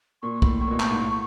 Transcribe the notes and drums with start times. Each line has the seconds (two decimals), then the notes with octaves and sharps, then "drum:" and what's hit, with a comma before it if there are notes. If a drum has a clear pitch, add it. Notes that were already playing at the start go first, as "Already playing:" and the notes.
0.22 A#2 C#6
0.42 A2, drum: kick B1
0.61 A2 C#6
0.67 A#2
0.71 B2
0.80 A2, drum: clap
0.90 G#2
0.99 A2